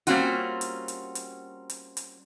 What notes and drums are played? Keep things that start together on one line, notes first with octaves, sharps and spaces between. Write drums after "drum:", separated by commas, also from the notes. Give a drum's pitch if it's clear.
G3 A#3 C4 C#4 F4 F#4, drum: hi-hat
drum: hi-hat
drum: hi-hat
drum: hi-hat
drum: hi-hat
drum: hi-hat